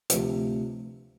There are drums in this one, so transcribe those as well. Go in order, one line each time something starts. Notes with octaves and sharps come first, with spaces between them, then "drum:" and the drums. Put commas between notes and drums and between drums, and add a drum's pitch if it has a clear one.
D2 C3 F3, drum: hi-hat